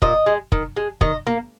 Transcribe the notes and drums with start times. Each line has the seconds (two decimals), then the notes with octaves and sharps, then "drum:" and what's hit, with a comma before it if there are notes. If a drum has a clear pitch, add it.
0.02 A#2 D#5, drum: kick
0.26 G#3
0.52 D#3, drum: kick
0.77 G#3
1.01 D#3 D#5, drum: kick
1.27 A#3